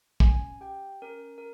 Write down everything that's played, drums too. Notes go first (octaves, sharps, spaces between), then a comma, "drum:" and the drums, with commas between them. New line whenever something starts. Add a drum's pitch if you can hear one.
C#4 G#5, drum: kick
G4 G5
C#4 A#4
A#4